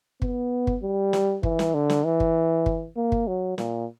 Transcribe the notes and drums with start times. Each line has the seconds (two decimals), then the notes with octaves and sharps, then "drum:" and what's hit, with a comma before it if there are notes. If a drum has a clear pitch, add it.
0.22 B3, drum: kick
0.67 drum: kick
0.83 G3
1.13 drum: snare
1.43 E3, drum: kick
1.59 drum: snare
1.74 D3
1.90 drum: snare
2.05 E3
2.20 drum: kick
2.66 drum: kick
2.97 A#3
3.12 drum: kick
3.27 F#3
3.58 A#2, drum: snare